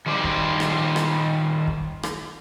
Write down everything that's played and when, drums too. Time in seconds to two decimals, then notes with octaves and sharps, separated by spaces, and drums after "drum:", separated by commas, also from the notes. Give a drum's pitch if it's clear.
0.06 D#3 G3 C5 D5
0.24 drum: kick
0.60 drum: rim click
0.96 drum: rim click
1.68 drum: kick
2.03 drum: rim click